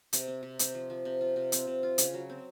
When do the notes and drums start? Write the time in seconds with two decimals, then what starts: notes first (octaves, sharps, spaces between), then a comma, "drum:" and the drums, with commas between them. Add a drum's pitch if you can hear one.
0.13 C3, drum: hi-hat
0.28 C4
0.43 C3
0.59 C4, drum: hi-hat
0.75 F3
0.90 F3
1.05 C3
1.21 F4
1.36 C3
1.52 C4, drum: hi-hat
1.67 C3
1.83 F4
1.98 C#3, drum: hi-hat
2.14 F#3
2.30 C4